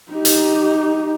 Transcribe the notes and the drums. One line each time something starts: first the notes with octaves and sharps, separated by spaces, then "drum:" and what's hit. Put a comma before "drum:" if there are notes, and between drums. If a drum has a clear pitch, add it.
D#4 G4
drum: hi-hat